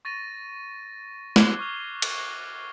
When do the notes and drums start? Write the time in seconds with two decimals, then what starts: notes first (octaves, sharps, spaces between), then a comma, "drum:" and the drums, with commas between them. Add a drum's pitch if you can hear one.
0.05 C#6 A6 A#6 D#7
1.36 D6 F#6 G#6 C7 G7, drum: snare
1.59 C#6 F6 F7
2.02 drum: cymbal